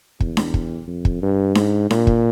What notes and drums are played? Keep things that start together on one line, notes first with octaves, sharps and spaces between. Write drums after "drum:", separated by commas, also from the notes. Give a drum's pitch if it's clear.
E2, drum: kick
drum: snare D4
drum: kick
F2
drum: kick
G2
G#2, drum: snare D4
A#2, drum: snare D4
drum: kick